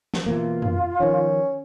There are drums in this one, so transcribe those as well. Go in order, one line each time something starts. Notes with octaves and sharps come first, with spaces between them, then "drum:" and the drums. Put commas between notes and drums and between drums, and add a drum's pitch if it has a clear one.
drum: snare
B2 E3 A#3 F4
drum: tom
D#3 F3 C#4